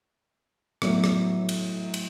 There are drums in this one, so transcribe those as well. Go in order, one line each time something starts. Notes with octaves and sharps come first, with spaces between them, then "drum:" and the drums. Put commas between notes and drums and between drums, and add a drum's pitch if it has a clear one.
A2 F#3 B3 E4, drum: rim click
drum: rim click
drum: cymbal
drum: cymbal